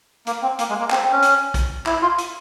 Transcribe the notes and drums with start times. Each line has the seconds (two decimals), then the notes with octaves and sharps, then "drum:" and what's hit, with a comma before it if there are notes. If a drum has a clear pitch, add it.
0.27 A#3, drum: hi-hat
0.42 C4
0.59 A#3, drum: hi-hat
0.69 G#3
0.80 A#3
0.90 C4, drum: clap
1.03 C4
1.12 C#4
1.22 drum: hi-hat
1.54 drum: kick A#1, hi-hat
1.86 E4, drum: clap
2.02 F4
2.18 drum: hi-hat